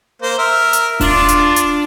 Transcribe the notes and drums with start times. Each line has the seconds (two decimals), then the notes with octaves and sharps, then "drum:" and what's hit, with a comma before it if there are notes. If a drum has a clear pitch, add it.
0.22 A#3 C5
0.38 A#4 E5
0.73 drum: hi-hat
1.01 D4 F4 D5, drum: kick D#1, open hi-hat
1.28 drum: hi-hat
1.56 drum: hi-hat